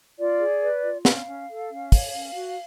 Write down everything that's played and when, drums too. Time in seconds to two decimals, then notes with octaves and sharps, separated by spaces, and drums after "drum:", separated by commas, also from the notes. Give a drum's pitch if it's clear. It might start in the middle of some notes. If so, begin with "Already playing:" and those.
0.19 F4 D5
0.41 G#4
0.62 B4
0.83 F4
1.05 C#4 F5, drum: snare
1.26 C#4
1.49 A4
1.70 C#4
1.92 C#5, drum: kick, open hi-hat
2.14 C#4
2.34 F#4